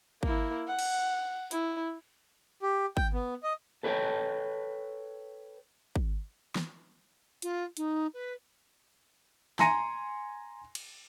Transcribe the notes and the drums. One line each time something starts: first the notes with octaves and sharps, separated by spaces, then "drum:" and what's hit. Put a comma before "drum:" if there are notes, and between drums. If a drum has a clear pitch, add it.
A#3 E4, drum: kick
F#5
drum: cymbal
E4, drum: hi-hat
G4
G5, drum: kick
B3
D#5
A4 B4 C#5 D5 G5 A5
drum: kick
drum: snare
F4, drum: hi-hat
D#4, drum: hi-hat
B4
G#5 A#5 C6 A#6 C#7 D#7, drum: snare
drum: cymbal